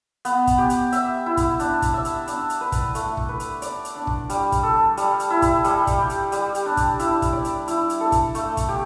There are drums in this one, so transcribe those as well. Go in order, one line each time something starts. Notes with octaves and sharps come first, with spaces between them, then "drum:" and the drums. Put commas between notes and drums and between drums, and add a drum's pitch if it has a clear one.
B3, drum: hi-hat
drum: kick, hi-hat
G4
drum: hi-hat
E5, drum: hi-hat
E4
drum: kick, hi-hat
D4, drum: hi-hat
drum: kick, hi-hat
E5
drum: hi-hat
D4, drum: hi-hat
drum: hi-hat
B4
drum: kick, hi-hat
A3, drum: hi-hat
drum: kick
B4
drum: hi-hat
D5, drum: hi-hat
drum: hi-hat
D4
drum: kick
G3, drum: hi-hat
drum: kick, hi-hat
A4
G3, drum: hi-hat
drum: hi-hat
E4
drum: kick, hi-hat
G3, drum: hi-hat
drum: kick, hi-hat
G4
drum: hi-hat
G3, drum: hi-hat
drum: hi-hat
D4
drum: kick, hi-hat
E4, drum: hi-hat
drum: kick, hi-hat
D5
drum: hi-hat
E4, drum: hi-hat
drum: hi-hat
A4
drum: kick, hi-hat
A3, drum: hi-hat
drum: kick, hi-hat
G4